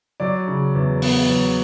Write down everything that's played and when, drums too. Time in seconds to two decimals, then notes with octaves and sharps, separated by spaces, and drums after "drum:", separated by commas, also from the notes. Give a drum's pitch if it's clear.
0.20 F#3 D5
0.47 C#3
0.75 E2
1.02 B3, drum: open hi-hat
1.29 F#3